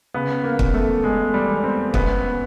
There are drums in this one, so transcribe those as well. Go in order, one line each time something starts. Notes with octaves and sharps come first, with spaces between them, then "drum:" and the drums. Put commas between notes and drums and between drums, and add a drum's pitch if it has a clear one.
C#3 B3
A#3
E2, drum: kick
A3
E2 G#3
G3
E2
C4
F#2 B3, drum: kick